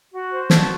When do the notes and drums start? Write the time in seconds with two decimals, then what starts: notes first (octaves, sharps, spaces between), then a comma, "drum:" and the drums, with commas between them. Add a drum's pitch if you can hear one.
0.10 F#4
0.31 C5
0.50 F#4 A5, drum: snare